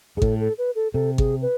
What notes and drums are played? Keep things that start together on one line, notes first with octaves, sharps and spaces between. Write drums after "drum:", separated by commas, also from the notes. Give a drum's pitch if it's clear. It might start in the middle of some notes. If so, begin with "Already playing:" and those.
G#2 G#4
A2 A4, drum: kick G#1
A4
B4
A4
C3 A4
G#4, drum: kick G#1
B4